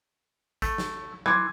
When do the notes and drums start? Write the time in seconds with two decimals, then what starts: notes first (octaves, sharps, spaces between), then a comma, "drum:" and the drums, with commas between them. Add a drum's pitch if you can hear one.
0.62 A3, drum: kick A1, hi-hat
0.78 drum: snare
1.26 E3 C6 D6 G#6, drum: tom F#3